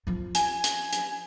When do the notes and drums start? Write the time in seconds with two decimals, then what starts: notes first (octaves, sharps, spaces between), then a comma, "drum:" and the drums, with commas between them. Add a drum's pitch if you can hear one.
0.07 F3 F4
0.35 G#5, drum: hi-hat
0.64 drum: hi-hat
0.93 drum: hi-hat